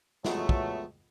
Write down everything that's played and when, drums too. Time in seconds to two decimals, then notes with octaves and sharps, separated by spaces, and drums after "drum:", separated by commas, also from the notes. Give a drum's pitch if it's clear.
0.25 F2 E3 F#3 G#3 A3 B3, drum: snare
0.49 drum: kick